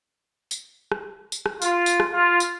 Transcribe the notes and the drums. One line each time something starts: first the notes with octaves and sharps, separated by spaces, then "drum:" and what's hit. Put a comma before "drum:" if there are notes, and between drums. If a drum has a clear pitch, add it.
drum: tambourine
drum: rim click
drum: tambourine
drum: rim click
F4, drum: tambourine
drum: tambourine
drum: rim click
F4
drum: tambourine